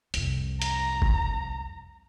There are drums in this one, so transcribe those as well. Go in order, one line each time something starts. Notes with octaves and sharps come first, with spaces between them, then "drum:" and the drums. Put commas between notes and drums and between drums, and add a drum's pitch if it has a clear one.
C2 F2, drum: hi-hat
A#5, drum: hi-hat
drum: kick G1